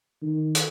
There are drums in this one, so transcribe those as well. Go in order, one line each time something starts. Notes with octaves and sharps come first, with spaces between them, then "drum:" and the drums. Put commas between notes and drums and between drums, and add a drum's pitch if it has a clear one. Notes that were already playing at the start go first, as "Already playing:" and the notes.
D#3
drum: hi-hat